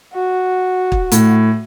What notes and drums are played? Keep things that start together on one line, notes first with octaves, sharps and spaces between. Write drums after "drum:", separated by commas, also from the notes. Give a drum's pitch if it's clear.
F#4
drum: kick
A2, drum: hi-hat